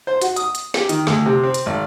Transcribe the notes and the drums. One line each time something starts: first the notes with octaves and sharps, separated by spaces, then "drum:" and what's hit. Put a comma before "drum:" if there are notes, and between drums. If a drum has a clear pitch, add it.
C5
F#4, drum: hi-hat
D#6, drum: hi-hat
drum: hi-hat
G4, drum: snare
D#3, drum: hi-hat
D2, drum: snare
C3
C4
drum: hi-hat
G#1